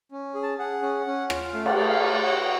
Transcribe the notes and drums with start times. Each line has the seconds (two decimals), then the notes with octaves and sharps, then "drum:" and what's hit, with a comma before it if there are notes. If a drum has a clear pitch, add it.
0.12 C#4
0.35 G#4
0.43 A5
0.58 G#4 F#5
0.82 C#4
1.07 C#4
1.30 F4, drum: rim click
1.53 A3 F5
1.66 D5, drum: cymbal
1.77 A3 D5
1.90 F5
2.01 F#4 D5
2.13 D5
2.24 F#4 C#5